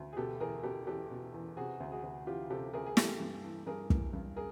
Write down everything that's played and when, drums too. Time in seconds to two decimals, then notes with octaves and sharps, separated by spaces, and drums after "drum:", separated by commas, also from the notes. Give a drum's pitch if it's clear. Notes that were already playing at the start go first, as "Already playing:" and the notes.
Already playing: D2
0.13 G#4
0.17 B2 G4 A4
0.40 E2 G#4 A#4
0.63 B2 G4 A4
0.87 E2 G4 A4
1.10 B2
1.34 E2
1.57 C3 F#4 G#4
1.80 D2
1.92 F#4 G#4
2.03 D2
2.27 E3 F4 G4
2.50 C3 G4 A4
2.73 D2 G#4 A#4
2.86 G#4
2.97 E3 G4 A4, drum: snare
3.20 G2
3.44 E3
3.67 G2 G#4 A#4
3.90 E3, drum: kick
4.13 G2
4.36 G#4 A#4